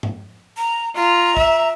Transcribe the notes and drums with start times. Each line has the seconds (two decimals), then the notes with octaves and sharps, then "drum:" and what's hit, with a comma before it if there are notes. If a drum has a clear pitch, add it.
0.03 drum: tom G2
0.57 A#5
0.95 F4 A#5
1.37 E5, drum: kick